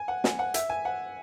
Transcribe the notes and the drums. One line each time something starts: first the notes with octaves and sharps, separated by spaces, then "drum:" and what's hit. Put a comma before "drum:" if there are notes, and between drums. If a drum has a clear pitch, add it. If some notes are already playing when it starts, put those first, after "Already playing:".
Already playing: G#5
F#5
G#5, drum: snare
F#5
E5, drum: hi-hat
G#5
F#5